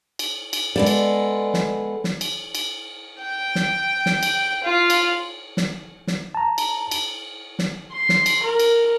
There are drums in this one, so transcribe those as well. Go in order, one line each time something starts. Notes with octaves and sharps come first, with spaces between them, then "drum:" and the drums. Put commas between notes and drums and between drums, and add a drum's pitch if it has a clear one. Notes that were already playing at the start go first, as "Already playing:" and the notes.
drum: cymbal
drum: cymbal
G#3 B3 A4 D5
drum: cymbal
drum: snare
drum: snare
drum: cymbal
drum: cymbal
G5
drum: snare
drum: snare
drum: cymbal
F4
drum: cymbal
drum: snare
drum: snare
A5 A#5
drum: cymbal
drum: cymbal
drum: snare
C6
drum: snare
drum: cymbal
A#4
drum: cymbal